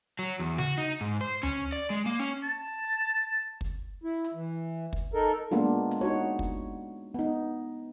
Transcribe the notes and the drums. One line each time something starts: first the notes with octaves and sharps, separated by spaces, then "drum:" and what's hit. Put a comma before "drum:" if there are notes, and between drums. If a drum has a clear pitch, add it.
F#3
E2
F#4, drum: tom C#3
D#4
G#2
C5
C#4, drum: tom D2
D5
G#3
A#3
C#4
A5
drum: kick
E4
drum: hi-hat
E3
drum: kick
D#4 A4 A#4
G#3 A#3 B3 D4 F4
drum: hi-hat
D#4 F#4 C#5
drum: kick
B3 D#4